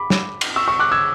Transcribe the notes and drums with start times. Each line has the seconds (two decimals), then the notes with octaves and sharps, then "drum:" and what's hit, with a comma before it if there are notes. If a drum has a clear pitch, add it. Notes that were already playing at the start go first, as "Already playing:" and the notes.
Already playing: B5 D6
0.10 drum: snare
0.41 drum: cymbal
0.56 C#6 E6
0.68 C#6 E6
0.79 D6 F#6
0.92 E6 G#6